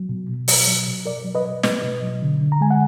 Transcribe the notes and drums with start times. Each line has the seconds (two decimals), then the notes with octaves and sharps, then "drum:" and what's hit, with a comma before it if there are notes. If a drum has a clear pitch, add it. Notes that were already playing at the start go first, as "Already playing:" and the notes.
Already playing: F#3
0.09 B2
0.30 B2
0.48 F#3, drum: open hi-hat
0.67 F#3
0.87 B2
1.05 B2 A#4 D5
1.25 F#3
1.35 B4 D#5
1.45 F#3
1.63 B2 B4 D#5, drum: snare
1.83 B2
2.03 F#3
2.22 D3
2.41 D3
2.52 A#5
2.61 G#3 G#5
2.71 F#5